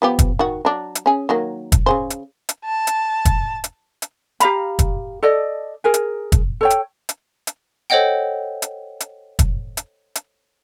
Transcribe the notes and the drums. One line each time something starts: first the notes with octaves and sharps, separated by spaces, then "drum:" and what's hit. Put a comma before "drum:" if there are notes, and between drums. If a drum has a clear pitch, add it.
F3 B3 G4
drum: kick, hi-hat
D#3 F#4
F#3 D4
drum: hi-hat
C#4 G#4
D#3 F#3 A#3
drum: kick, hi-hat
C#3 G#4 C5
drum: hi-hat
drum: hi-hat
A5
drum: hi-hat
drum: kick, hi-hat
drum: hi-hat
drum: hi-hat
G4 F5 A#5 B5, drum: hi-hat
drum: kick, hi-hat
A4 D5 D#5
G#4 A#4 G#5
drum: hi-hat
drum: kick, hi-hat
A4 C#5 G5
drum: hi-hat
drum: hi-hat
drum: hi-hat
A4 C5 C#5 D#5 F#5 G5
drum: hi-hat
drum: hi-hat
drum: kick, hi-hat
drum: hi-hat
drum: hi-hat